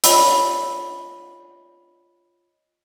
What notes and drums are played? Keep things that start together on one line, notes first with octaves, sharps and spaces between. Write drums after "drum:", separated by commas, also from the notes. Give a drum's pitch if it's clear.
F4 C#5 D#5 B5 E6, drum: hi-hat